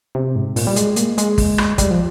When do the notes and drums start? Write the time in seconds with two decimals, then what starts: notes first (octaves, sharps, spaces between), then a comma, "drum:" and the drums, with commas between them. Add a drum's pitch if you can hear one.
0.15 C3
0.36 G#2
0.56 A#2, drum: open hi-hat
0.67 G3
0.76 G#3, drum: hi-hat
0.96 A#3, drum: hi-hat
1.18 G#3, drum: hi-hat
1.38 drum: kick, open hi-hat
1.58 drum: rim click
1.78 G3, drum: kick, hi-hat
1.91 F3